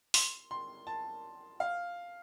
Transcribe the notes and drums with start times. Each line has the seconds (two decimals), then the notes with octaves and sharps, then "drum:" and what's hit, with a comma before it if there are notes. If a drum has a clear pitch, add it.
0.14 C6, drum: open hi-hat
0.51 C6
0.87 A5
1.60 F5